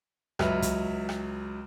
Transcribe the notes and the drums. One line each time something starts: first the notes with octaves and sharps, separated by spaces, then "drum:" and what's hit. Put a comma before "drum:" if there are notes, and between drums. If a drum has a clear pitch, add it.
C#2 F#3 B4 E5 F6, drum: rim click
drum: kick, hi-hat
drum: rim click